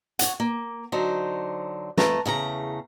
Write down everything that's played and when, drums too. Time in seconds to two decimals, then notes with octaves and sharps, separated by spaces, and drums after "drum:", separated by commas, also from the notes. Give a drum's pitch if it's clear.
0.19 C#5 F#5, drum: hi-hat
0.40 A#3
0.92 D3 F#3 D#4 C5
1.97 F2 A3 B4 A5 A#5, drum: snare
2.26 E2 C#3 A3 A#5